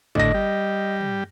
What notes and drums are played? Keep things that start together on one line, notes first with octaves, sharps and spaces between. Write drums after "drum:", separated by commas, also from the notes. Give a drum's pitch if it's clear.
A2 D3 D#5 A#6, drum: kick
G3
drum: tom